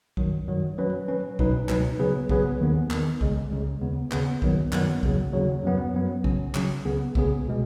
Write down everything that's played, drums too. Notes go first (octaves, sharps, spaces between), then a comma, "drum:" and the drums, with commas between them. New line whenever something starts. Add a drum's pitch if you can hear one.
F#2 D#3 F#3, drum: kick
F#2 D#3 F#3
F#3 C#4 B4
F#3 C#4 B4
C#2 B2 F#3 D#4 B4, drum: kick
C#2 B2 F#3 D#4 B4, drum: clap
C#3 F#3 B3 G#4 B4
C#3 F#3 B3 G#4 B4, drum: kick
D#2 D#3 B3
D#2 D#3 B3, drum: clap
C#2 C#3 G#3, drum: kick
C#2 C#3 G#3
D#2 C#3 B3
D#2 C#3 B3, drum: clap
F#2 D#3 F#3 B3, drum: kick
F#2 D#3 F#3 B3, drum: clap
D#2 C#3 F#3, drum: kick
D#2 C#3 F#3
F#2 F#3 B3
F#2 F#3 B3
C#3 F#3 C#4, drum: kick
C#3 F#3 C#4, drum: clap
C#2 C#3 B3 G#4
C#2 C#3 B3 G#4, drum: kick
B2 G#3